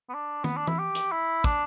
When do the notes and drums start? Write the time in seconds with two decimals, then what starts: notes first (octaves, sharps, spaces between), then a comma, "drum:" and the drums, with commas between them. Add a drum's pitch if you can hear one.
0.09 B3
0.14 D4
0.44 B3, drum: tom D#3
0.57 D4
0.67 E4, drum: tom E3
0.79 G4
0.95 drum: hi-hat
1.12 E4
1.44 D4, drum: kick